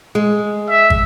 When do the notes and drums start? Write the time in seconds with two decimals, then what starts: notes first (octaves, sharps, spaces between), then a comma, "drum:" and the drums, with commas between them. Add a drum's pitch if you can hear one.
0.15 G#3
0.69 E5
0.90 drum: kick